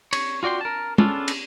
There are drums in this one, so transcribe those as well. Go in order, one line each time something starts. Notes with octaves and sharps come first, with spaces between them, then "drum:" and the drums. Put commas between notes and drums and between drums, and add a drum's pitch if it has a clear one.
C#5, drum: cymbal
F4 F#4 D5 G5 C6
A#4 A5
B3 C#4 D4 F4 G#4 A4, drum: tom G#3
drum: cymbal